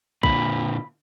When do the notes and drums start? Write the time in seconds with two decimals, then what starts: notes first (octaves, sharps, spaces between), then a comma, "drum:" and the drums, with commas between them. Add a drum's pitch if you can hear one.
0.23 A#2 D3 A#3 B5, drum: kick A#1